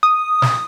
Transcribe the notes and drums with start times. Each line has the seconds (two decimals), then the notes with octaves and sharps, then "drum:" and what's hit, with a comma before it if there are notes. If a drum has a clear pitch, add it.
0.03 D#6
0.42 drum: snare